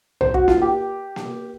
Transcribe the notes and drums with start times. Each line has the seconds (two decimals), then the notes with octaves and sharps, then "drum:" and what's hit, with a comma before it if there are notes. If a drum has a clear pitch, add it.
0.21 C5, drum: tom C2
0.34 F#4, drum: kick
0.48 F4, drum: snare A#3
0.62 G4
1.16 drum: snare A#3